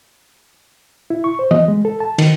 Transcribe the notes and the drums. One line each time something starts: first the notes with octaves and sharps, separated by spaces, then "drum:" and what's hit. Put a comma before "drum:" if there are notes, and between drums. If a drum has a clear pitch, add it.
E4
C#6
C5
D#5, drum: tom E3
G#3
A4
A5
D#3, drum: cymbal